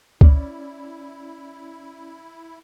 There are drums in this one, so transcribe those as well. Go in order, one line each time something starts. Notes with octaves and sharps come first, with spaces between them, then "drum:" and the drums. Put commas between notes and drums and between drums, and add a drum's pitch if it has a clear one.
C#4 E4 D5, drum: kick C#2